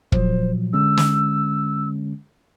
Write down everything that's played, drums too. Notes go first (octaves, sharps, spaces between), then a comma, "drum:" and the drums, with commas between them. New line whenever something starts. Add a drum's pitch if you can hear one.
A#2 F3 F#3 C5, drum: kick
D3 G#3 C#4 E6
drum: snare